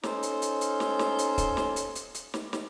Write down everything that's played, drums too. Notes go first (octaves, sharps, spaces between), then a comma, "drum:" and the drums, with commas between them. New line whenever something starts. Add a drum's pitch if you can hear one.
C#4 D#4 A4 C5, drum: snare
drum: hi-hat
drum: hi-hat
drum: hi-hat
drum: snare
drum: snare
drum: hi-hat
drum: kick, hi-hat
drum: snare
drum: hi-hat
drum: hi-hat
drum: hi-hat
drum: snare
drum: snare